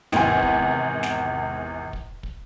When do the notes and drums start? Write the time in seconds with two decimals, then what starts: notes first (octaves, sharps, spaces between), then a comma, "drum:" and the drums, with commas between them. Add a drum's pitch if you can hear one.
0.12 G#1 E2 C3 G#5, drum: snare
0.43 drum: kick
1.03 drum: snare
1.93 drum: kick
2.23 drum: kick